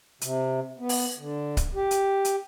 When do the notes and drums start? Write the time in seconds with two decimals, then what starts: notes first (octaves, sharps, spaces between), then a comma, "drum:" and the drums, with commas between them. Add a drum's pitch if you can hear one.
0.21 C3, drum: hi-hat
0.79 B3
0.89 drum: open hi-hat
1.18 D3
1.57 drum: kick C#1, hi-hat
1.75 G4
1.91 drum: hi-hat
2.25 drum: hi-hat